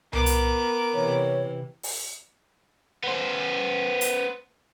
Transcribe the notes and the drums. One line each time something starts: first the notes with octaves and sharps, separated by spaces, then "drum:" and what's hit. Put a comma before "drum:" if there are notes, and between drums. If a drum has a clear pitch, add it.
B3 A#4 D6, drum: tom C2
drum: hi-hat
C3 E3 C#5
drum: open hi-hat
B3 C5
drum: hi-hat